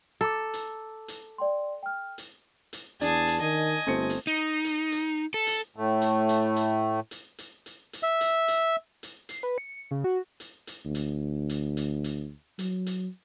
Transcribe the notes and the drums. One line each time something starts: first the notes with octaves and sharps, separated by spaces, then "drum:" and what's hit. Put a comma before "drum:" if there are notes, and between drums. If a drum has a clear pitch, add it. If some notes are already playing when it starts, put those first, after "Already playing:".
A4 A#5 D6
drum: hi-hat
drum: hi-hat
D5 G5 C6
G5 F6
drum: hi-hat
drum: hi-hat
E2 D4 G#4 A5, drum: hi-hat
drum: hi-hat
D#3 D#5 G#5
G1 A3 C4 C#7
drum: hi-hat
D#4
drum: hi-hat
drum: hi-hat
A4
drum: hi-hat
A2 A3
drum: hi-hat
drum: hi-hat
drum: hi-hat
drum: hi-hat
drum: hi-hat
drum: hi-hat
drum: hi-hat
E5
drum: hi-hat
drum: hi-hat
drum: hi-hat
C7, drum: hi-hat
B4
C#7
C#3
F#4
drum: hi-hat
drum: hi-hat
D2
drum: hi-hat
drum: hi-hat
drum: hi-hat
drum: hi-hat
F#3, drum: hi-hat
drum: hi-hat